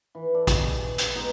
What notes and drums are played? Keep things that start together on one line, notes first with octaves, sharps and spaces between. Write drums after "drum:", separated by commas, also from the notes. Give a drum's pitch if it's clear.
E3
A4 D5
G#4 D5 D#5, drum: kick A1, hi-hat
G4
G#4
drum: hi-hat
B2 G#3 D#4